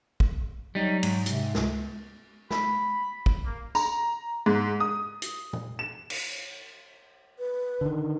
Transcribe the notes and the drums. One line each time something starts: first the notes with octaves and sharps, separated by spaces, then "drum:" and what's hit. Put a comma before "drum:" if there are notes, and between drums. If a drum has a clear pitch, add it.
drum: kick
F#3 G3 D#4
G#2, drum: cymbal
C3, drum: hi-hat
C#2, drum: snare
B5, drum: snare
drum: kick
A#3
A#5, drum: tambourine
G#2
D#6
drum: hi-hat
drum: tom A#2
E7
drum: cymbal
B4
D3 D#3